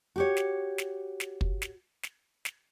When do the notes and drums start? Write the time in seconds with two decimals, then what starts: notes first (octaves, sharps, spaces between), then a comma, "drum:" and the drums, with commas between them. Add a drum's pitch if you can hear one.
0.16 F#4 G4 C#5
0.37 drum: snare
0.78 drum: snare
1.20 drum: snare
1.41 drum: kick
1.62 drum: snare
2.03 drum: snare
2.45 drum: snare